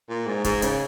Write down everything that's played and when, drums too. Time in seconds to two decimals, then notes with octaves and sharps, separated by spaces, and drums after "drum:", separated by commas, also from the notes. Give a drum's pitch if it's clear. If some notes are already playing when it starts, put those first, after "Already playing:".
0.10 A#2
0.27 G#2
0.44 G#2, drum: kick, hi-hat
0.62 C#3, drum: hi-hat